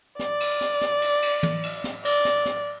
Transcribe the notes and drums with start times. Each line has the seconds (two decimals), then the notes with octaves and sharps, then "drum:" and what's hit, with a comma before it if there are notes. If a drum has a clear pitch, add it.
0.19 D5, drum: snare
0.40 drum: cymbal
0.61 drum: snare
0.81 drum: snare
1.02 drum: cymbal
1.22 drum: cymbal
1.43 drum: tom
1.63 drum: cymbal
1.84 drum: snare
2.05 D5, drum: cymbal
2.25 drum: snare
2.45 drum: snare